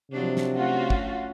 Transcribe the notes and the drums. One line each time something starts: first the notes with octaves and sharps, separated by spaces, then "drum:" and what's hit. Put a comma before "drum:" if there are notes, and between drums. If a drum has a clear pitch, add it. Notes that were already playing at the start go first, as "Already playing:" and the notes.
C3 F3 F#3 D4
drum: snare
A3 C#4 F4 F#4
drum: kick